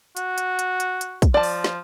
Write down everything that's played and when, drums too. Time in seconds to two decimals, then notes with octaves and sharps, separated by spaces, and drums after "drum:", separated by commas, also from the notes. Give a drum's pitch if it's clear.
0.17 F#4, drum: hi-hat
0.38 drum: hi-hat
0.59 drum: hi-hat
0.80 drum: hi-hat
1.01 drum: hi-hat
1.22 drum: kick, hi-hat
1.34 F3 D5 A5
1.43 drum: open hi-hat
1.64 drum: snare